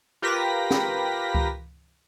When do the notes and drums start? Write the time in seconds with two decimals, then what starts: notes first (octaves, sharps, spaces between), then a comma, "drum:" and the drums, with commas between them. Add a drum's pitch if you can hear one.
0.22 F4 G4 A#4 B4 A#6 B6
0.70 drum: snare
1.35 drum: kick C#2